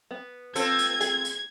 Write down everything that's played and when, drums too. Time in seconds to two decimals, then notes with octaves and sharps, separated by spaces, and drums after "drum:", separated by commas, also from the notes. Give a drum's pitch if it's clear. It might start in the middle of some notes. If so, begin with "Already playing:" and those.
0.11 B3
0.55 C4 F4 A4 G#6, drum: hi-hat
0.78 drum: hi-hat
1.00 G#4, drum: hi-hat
1.25 drum: hi-hat